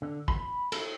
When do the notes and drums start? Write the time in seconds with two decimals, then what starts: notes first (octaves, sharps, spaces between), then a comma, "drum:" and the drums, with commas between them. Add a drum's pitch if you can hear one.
0.02 D3
0.28 B5, drum: kick
0.72 A4, drum: cymbal